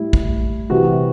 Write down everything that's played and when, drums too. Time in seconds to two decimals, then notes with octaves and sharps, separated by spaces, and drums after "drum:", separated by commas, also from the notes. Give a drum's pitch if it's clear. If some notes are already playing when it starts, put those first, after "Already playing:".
Already playing: A2 G3 E4
0.13 drum: kick
0.70 C3 E3 G3 F#4